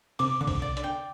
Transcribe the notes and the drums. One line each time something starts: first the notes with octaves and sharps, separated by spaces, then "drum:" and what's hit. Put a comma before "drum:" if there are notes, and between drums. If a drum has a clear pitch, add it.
C3 D6, drum: open hi-hat
D3 D6
C3, drum: kick B1, open hi-hat
D5
D3, drum: hi-hat
G5